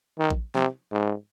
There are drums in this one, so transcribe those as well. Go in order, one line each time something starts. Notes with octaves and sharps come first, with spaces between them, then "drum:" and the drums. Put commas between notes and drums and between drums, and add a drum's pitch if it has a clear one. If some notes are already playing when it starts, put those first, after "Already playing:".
D#3
drum: kick A1
C3, drum: snare
G#2